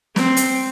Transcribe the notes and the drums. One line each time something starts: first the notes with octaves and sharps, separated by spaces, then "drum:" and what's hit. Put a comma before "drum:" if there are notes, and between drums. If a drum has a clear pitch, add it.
C4, drum: snare
drum: hi-hat